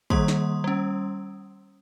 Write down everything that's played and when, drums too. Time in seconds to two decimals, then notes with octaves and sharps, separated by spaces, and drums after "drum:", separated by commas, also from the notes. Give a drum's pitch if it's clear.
0.10 D#3 G3 A#3 C6 D#6, drum: kick
0.28 drum: snare
0.64 G3 C#4